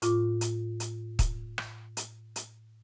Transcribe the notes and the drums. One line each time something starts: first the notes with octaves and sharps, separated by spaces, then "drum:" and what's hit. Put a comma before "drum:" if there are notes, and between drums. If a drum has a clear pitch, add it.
A2 F4 D6, drum: hi-hat
drum: hi-hat
drum: hi-hat
drum: kick, hi-hat
drum: rim click
drum: hi-hat
drum: hi-hat